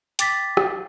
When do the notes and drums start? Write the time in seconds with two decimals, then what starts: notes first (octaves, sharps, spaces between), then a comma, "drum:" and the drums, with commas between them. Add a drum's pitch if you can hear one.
0.19 G5 D6 A6 B6, drum: hi-hat
0.57 drum: rim click